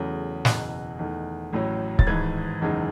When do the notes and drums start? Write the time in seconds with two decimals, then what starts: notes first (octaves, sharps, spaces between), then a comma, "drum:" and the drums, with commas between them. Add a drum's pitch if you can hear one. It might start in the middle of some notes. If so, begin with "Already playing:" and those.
Already playing: E2 C#3 F#3 A3
0.45 F#1 E2 B2 F#6, drum: snare
0.99 E2 D#3 A3
1.53 A1 A2 F#3
1.99 A6, drum: kick C#1
2.07 G#1 G#2 E3 G#6
2.61 F#1 E2 D#3 G#3